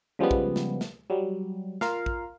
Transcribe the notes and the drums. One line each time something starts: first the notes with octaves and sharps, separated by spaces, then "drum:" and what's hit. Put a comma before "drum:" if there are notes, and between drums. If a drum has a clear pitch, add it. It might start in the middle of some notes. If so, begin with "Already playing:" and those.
C#3 F3 G3 G#3 B3
drum: kick
drum: snare
drum: snare
F#3 G3
F4 A#4 F5, drum: snare
drum: kick